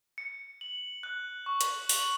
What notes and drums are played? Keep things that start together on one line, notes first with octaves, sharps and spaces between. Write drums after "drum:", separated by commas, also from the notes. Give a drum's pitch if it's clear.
C#7
F#7
F#6
C#6
drum: hi-hat
F#7, drum: open hi-hat